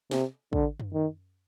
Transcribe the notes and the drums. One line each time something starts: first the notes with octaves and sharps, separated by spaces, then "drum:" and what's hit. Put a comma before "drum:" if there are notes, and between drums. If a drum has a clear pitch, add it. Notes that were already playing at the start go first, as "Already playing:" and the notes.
C3, drum: snare
D3, drum: kick
drum: tom F#2
D#3